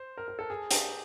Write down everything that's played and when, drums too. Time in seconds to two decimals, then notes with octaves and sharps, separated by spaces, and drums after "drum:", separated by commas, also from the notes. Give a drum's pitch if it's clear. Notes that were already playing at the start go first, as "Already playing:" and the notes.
Already playing: C5
0.17 A#4
0.28 A#4
0.39 A4
0.50 G#4
0.71 G4, drum: hi-hat